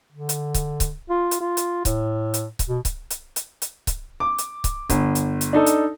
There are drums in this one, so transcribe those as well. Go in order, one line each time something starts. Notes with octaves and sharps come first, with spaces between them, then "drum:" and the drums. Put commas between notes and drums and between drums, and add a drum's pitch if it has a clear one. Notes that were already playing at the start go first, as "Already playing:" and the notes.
D3
drum: hi-hat
drum: kick C#1, hi-hat
drum: kick C#1, hi-hat
F4
drum: hi-hat
F4
drum: hi-hat
A2, drum: kick C#1, hi-hat
drum: hi-hat
drum: kick C#1, hi-hat
B2
drum: kick C#1, hi-hat
drum: hi-hat
drum: hi-hat
drum: hi-hat
drum: kick C#1, hi-hat
D6
drum: hi-hat
drum: kick C#1, hi-hat
G1, drum: kick C#1, hi-hat
drum: hi-hat
drum: hi-hat
D4 D#4 A4
drum: hi-hat